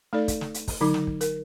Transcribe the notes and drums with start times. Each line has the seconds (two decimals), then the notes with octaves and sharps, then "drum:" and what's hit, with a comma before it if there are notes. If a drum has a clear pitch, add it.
0.13 A3 D#4 A4 D5
0.28 drum: kick, hi-hat
0.41 drum: snare
0.54 drum: hi-hat
0.68 drum: kick, open hi-hat
0.81 D3 F#3 D#4 D6
0.94 drum: snare
1.07 drum: kick
1.21 A#4, drum: hi-hat